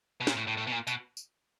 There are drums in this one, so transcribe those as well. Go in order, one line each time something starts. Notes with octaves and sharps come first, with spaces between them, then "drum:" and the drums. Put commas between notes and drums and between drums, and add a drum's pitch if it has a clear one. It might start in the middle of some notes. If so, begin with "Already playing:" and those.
B2
A#2, drum: snare
A2
A2
A2
B2
A#2
B2, drum: tambourine
drum: tambourine